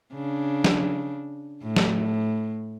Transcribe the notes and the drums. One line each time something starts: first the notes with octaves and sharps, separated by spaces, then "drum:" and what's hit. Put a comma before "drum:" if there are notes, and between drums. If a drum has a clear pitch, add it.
C#3 D4
drum: snare
A2
drum: snare